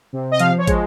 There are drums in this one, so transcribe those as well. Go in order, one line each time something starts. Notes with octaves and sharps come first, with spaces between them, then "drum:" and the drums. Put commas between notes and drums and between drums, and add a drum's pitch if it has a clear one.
C3
D#5
F3 F5, drum: hi-hat
C#5
G#3, drum: kick, hi-hat